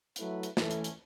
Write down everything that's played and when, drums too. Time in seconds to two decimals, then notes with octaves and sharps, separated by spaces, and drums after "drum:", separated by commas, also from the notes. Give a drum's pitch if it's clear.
0.16 F#3 A3 E4 B4, drum: hi-hat
0.43 drum: hi-hat
0.57 E3 A3 C#4, drum: snare
0.71 drum: hi-hat
0.84 drum: hi-hat